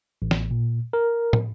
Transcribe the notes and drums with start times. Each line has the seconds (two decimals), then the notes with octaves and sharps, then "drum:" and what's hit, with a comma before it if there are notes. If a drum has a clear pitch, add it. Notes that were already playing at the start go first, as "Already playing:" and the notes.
0.22 A1
0.31 drum: snare
0.51 A#2
0.93 A#4
1.33 drum: tom